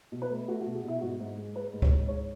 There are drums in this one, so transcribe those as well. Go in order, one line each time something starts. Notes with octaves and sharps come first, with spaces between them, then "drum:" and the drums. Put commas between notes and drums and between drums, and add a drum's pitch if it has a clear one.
B2
B4
A3
A3 F#4
F#4
B2
G#4
B2 E4
G#2 F#4
G#2
G#3
G#3 B4
G#2
C#5, drum: kick C#2
G#2
G#3 C#5